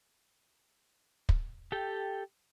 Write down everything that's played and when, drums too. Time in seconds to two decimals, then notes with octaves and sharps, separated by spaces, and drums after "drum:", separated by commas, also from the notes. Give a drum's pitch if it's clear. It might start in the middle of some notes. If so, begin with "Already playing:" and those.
1.29 drum: kick
1.72 G4 A4 G5